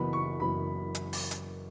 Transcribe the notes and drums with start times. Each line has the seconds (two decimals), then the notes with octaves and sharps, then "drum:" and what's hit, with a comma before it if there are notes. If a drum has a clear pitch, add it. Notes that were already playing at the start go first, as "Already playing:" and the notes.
Already playing: F#1 F#2 E3 B3 B5
0.13 C#6
0.40 F#1 F#2 E3 B3 B5
0.95 drum: hi-hat
1.13 drum: open hi-hat
1.31 drum: hi-hat